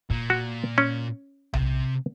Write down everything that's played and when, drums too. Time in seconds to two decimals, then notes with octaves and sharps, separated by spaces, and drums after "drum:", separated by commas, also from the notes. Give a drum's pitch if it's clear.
0.10 A#2, drum: kick
0.30 F#4
0.78 C#4
1.53 C3, drum: tom B1